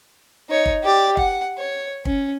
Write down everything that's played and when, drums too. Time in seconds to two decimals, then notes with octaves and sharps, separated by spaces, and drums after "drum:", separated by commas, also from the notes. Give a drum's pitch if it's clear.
0.49 D#4 C#5
0.66 drum: kick
0.83 G4 D5
1.17 F#5, drum: kick
1.58 C#5
2.05 C#4, drum: kick